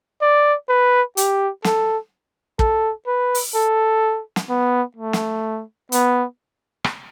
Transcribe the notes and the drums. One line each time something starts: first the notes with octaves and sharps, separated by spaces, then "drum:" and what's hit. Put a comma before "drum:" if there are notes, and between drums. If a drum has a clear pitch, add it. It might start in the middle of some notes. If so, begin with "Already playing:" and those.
D5
B4
G4, drum: hi-hat
A4, drum: snare
A4, drum: kick
B4
drum: open hi-hat
A4
drum: snare
B3
A3
drum: snare
B3, drum: hi-hat
drum: rim click